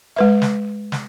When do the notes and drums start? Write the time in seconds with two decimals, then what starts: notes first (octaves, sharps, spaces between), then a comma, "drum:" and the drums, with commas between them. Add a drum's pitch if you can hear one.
0.16 G#3 B4 E5
0.42 drum: snare
0.92 drum: snare